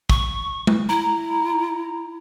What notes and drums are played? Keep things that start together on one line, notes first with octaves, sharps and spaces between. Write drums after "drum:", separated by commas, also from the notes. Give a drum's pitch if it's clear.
C#6, drum: kick
drum: tom G#3
E4 A#5